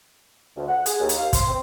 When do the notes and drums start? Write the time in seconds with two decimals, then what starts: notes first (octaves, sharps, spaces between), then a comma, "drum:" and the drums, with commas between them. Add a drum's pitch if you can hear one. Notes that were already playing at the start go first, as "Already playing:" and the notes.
0.57 D2
0.69 F#5
0.86 G#4, drum: hi-hat
1.00 D#2
1.09 drum: hi-hat
1.19 F5
1.33 C6, drum: kick, hi-hat
1.47 C4